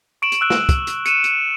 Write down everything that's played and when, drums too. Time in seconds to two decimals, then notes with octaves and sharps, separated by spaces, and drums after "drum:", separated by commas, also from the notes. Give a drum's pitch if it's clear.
0.22 C#6 D7 E7 F#7
0.32 drum: hi-hat
0.41 E6 F#6 D7
0.50 drum: snare
0.69 drum: kick, hi-hat
0.87 drum: hi-hat
1.06 C#7 D#7 E7, drum: hi-hat
1.24 drum: hi-hat